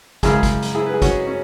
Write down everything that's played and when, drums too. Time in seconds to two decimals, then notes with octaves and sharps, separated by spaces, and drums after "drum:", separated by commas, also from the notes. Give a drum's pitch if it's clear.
0.23 F#2 C#3 G#3 E4 G#4, drum: kick, hi-hat
0.43 drum: kick, hi-hat
0.62 drum: hi-hat
0.75 E4 G#4
0.86 B4
0.94 G#4
1.02 C#4 F#4, drum: kick, hi-hat
1.27 C#4